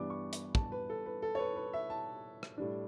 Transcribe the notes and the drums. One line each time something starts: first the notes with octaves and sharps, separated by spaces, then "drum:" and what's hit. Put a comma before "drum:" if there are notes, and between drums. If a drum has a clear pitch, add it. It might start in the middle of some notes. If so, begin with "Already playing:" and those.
Already playing: G2 E3 B3 D4 D6
C#6
drum: hi-hat
A5, drum: kick
B4
A4
B4
A4
C#5
B4
B4
E5
A5
drum: rim click
A2 G3 D4